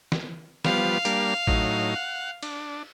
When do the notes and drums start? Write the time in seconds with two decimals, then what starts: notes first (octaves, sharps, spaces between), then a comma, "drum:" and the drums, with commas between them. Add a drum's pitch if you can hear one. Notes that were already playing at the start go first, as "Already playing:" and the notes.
0.12 drum: snare
0.65 F3 G3 B3 F5, drum: snare
1.05 G3 A#3 D4, drum: hi-hat
1.47 A2 F#3 D#4, drum: kick A1
1.95 F#5
2.43 D4, drum: cymbal